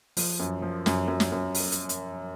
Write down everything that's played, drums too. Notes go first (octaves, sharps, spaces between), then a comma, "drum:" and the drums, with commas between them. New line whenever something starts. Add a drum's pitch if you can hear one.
F3, drum: open hi-hat
F#2
F3
F#2, drum: snare
F#2
drum: snare
F#2
drum: open hi-hat
drum: hi-hat
drum: hi-hat